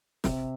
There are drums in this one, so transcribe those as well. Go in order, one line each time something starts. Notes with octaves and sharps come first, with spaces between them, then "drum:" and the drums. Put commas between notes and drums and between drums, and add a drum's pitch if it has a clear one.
C3, drum: snare